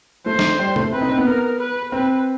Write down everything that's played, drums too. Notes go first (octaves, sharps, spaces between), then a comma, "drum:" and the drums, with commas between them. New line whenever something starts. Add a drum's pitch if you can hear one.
A3 C5
drum: snare
G3
A3, drum: tom C3
C4 B4
D#4
C4
B3
A#4
B4
C4 B4